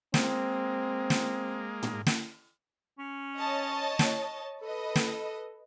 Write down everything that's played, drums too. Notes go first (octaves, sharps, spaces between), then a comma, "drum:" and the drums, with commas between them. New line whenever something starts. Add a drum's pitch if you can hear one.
G#3 A#3 C4, drum: snare
drum: snare
drum: tom
drum: snare
C#4
C#5 D#5 A5
drum: snare
A4 B4 D#5
drum: snare